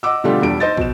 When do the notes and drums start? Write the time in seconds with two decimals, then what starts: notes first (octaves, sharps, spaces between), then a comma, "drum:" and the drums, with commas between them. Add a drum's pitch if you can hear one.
0.03 D#5 F#5 D6 E6
0.24 B2 D3 G3 A3 F4 G4
0.42 E2 B2 G3 D4 D7
0.60 D#4 C5 D#5 A6
0.77 B2 E7, drum: kick